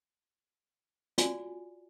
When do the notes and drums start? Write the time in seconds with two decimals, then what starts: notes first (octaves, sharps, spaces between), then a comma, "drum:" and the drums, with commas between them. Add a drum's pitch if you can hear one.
1.18 F4 F#4 D5 G#5, drum: hi-hat